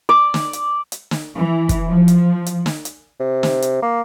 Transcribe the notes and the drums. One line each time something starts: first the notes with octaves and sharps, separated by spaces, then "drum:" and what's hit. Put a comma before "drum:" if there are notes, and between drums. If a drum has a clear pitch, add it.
D5
drum: snare
drum: hi-hat
drum: hi-hat
drum: snare
E3
drum: kick, hi-hat
F3
drum: hi-hat
drum: hi-hat
drum: snare
drum: hi-hat
C3
drum: snare
drum: hi-hat
A#3